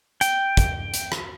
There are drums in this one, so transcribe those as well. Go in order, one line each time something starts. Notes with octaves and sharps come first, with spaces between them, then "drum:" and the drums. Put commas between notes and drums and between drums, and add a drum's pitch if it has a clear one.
G5, drum: hi-hat
drum: kick, hi-hat
drum: hi-hat
drum: rim click